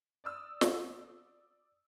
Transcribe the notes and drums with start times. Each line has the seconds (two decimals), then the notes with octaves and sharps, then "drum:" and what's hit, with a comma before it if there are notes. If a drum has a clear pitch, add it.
0.24 D5 D#6 E6
0.61 drum: snare